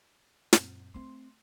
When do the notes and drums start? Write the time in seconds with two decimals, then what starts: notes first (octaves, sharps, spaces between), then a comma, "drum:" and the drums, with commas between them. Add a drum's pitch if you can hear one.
0.53 F#2 A#2 C4, drum: snare
0.94 A3 C4 C6